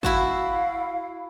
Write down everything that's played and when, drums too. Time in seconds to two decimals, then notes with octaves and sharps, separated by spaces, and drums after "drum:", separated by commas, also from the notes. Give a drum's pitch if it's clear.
0.03 E4 F#4 F5 A5, drum: kick